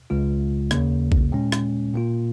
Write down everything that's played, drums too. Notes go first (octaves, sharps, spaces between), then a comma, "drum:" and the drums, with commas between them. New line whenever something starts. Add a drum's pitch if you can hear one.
C#2 C#3 G#3 F4
D#2 C#3 A#3, drum: rim click
drum: kick A#1
A#2 G#3 C#4
drum: rim click
A#2 A#3 F4